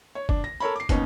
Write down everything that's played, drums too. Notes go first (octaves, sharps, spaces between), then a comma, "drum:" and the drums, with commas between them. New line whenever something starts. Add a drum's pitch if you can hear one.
C#5
D4, drum: kick
A#6
A4 A#4 C#5 B5
D6 C7
D#2 B3 C#4 D#4, drum: kick, hi-hat